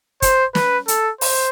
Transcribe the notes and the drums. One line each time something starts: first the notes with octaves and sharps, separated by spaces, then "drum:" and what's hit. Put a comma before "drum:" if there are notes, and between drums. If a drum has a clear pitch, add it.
C5, drum: kick, hi-hat
B4, drum: snare
A4, drum: hi-hat
C5, drum: open hi-hat